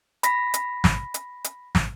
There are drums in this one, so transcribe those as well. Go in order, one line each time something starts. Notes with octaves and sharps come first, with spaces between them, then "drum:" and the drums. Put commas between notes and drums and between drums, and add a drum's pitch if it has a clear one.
B5 A#6 B6, drum: hi-hat
drum: hi-hat
drum: snare
drum: hi-hat
drum: hi-hat
drum: snare